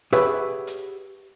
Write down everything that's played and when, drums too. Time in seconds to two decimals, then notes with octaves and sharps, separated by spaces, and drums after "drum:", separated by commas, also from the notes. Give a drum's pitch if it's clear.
0.13 G4 G#4 B4 C#5 E5 F#5, drum: hi-hat
0.67 drum: hi-hat